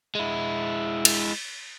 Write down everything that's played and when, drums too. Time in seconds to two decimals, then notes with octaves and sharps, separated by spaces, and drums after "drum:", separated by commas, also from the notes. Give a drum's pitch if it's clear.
0.15 G#3 E4
1.05 drum: cymbal